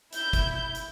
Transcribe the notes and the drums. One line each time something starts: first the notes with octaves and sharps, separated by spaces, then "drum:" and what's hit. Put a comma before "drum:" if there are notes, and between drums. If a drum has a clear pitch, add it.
E4 G6, drum: hi-hat
drum: kick, hi-hat
drum: hi-hat